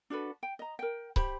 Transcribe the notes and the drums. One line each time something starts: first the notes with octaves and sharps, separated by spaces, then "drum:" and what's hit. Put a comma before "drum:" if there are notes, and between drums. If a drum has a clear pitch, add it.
D4 F#4 A4 B4
G5
D#5 A#5
A#4 G5
G4 C5 B5, drum: kick C#1